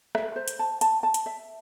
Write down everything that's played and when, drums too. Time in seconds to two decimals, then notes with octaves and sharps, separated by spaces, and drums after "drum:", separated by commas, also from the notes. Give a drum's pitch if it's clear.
0.15 E5, drum: rim click
0.36 C5
0.48 drum: hi-hat
0.59 A5
0.81 A5, drum: hi-hat
1.03 A5
1.14 drum: hi-hat
1.26 E5